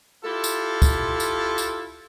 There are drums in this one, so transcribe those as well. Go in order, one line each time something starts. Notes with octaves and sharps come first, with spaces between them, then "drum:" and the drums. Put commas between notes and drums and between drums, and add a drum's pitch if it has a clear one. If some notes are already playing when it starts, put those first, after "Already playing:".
E4 F4 G4 A4
drum: tambourine
drum: kick, tambourine
drum: tambourine
drum: tambourine